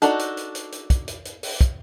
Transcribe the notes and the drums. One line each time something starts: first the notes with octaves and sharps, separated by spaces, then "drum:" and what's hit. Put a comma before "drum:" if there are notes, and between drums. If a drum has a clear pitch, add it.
D4 D#4 F#4 A4, drum: hi-hat
drum: hi-hat
drum: hi-hat
drum: hi-hat
drum: hi-hat
drum: kick, hi-hat
drum: hi-hat
drum: hi-hat
drum: open hi-hat
drum: kick, hi-hat